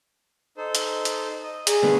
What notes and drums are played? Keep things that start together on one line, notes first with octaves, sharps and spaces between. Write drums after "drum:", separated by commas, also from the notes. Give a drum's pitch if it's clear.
D#4 A4 C5
drum: hi-hat
drum: hi-hat
D#5
G#4 D5 G#5 A#5, drum: hi-hat
D3 A3 B3 F5